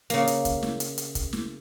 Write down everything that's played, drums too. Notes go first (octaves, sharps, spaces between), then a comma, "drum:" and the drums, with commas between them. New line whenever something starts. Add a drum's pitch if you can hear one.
C#3 A#3, drum: hi-hat
drum: hi-hat
drum: kick, hi-hat
drum: snare
drum: hi-hat
drum: hi-hat
drum: kick, hi-hat
drum: snare